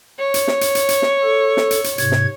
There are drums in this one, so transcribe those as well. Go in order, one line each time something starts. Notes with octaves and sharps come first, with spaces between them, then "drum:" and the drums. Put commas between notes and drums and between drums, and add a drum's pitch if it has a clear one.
C#5
drum: hi-hat
drum: snare
drum: hi-hat
drum: hi-hat
drum: hi-hat
drum: snare
A4
drum: snare
drum: hi-hat
drum: hi-hat
G#2 C3 G#6, drum: hi-hat
drum: snare